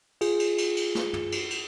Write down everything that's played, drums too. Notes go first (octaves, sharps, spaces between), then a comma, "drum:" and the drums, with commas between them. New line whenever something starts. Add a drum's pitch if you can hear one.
F4 G#4, drum: cymbal
drum: cymbal
drum: cymbal
drum: cymbal
drum: snare
drum: tom
drum: cymbal
drum: cymbal